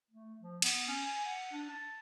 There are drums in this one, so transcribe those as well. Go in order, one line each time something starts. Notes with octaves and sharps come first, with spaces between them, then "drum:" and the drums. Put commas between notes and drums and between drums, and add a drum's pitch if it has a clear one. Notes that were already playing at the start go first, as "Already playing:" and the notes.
A3
F3
B3, drum: cymbal
C#4
G#5
F#5
D4
A5